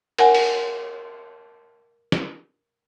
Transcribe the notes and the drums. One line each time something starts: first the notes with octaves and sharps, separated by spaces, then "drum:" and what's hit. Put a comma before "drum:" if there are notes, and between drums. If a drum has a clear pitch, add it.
A#4 F#5 G#5, drum: cymbal
drum: open hi-hat
drum: snare